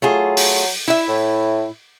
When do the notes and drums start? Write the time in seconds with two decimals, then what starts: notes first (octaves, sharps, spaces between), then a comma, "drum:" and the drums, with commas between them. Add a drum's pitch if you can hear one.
0.02 F#3 A3 F4 G#4
0.37 drum: open hi-hat
0.88 E4 E5
1.09 A2